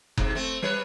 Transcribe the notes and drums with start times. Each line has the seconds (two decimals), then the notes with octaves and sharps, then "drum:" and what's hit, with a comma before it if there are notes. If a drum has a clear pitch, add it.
0.17 G#2 C3, drum: kick F#1
0.35 A3 C4
0.62 G3 B4 C#5